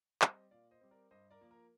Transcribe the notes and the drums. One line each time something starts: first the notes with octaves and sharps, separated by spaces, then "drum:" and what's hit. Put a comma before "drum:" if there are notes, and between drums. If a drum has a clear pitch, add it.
G3 C4 C5 D#5, drum: clap
A#2 D5 F5
C5 D#5
G3 C4
A#4 D5
G2 C5 D#5
A#4 D5
F3 A#3
A#4